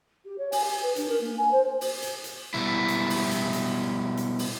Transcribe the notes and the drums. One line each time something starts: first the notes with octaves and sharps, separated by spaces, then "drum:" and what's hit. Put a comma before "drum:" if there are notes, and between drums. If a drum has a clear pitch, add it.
G4
C#5
G#5, drum: open hi-hat
G4
B4
D4, drum: hi-hat
A#4
A#3
G#5
C5
drum: open hi-hat
drum: hi-hat
drum: hi-hat
B2 G3 E4
drum: hi-hat
drum: open hi-hat
drum: hi-hat
drum: hi-hat
drum: hi-hat
drum: open hi-hat